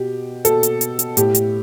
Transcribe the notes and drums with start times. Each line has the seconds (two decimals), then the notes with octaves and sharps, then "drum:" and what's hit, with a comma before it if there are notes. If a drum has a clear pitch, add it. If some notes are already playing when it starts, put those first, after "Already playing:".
Already playing: B2 G4
0.45 B2 A4, drum: hi-hat
0.63 drum: hi-hat
0.81 drum: hi-hat
0.99 drum: hi-hat
1.17 A2 G4, drum: hi-hat
1.35 drum: hi-hat